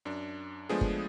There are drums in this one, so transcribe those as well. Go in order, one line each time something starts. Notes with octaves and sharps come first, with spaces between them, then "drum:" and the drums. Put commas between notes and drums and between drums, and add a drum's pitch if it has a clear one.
F#2 D4
F3 G#3 A3 B3 D4 G#4
drum: kick G1